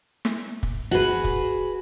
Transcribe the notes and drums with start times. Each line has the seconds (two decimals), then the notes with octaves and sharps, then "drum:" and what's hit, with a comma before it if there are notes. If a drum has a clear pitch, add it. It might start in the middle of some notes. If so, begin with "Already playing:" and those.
0.25 drum: snare
0.63 drum: kick
0.91 F#4 G#4 B4
1.24 drum: kick